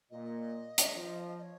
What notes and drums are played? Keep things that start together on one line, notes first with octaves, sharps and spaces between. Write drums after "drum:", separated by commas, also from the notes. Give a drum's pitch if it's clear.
A#2 D#5
drum: hi-hat
F3
D#5
D#5
C#5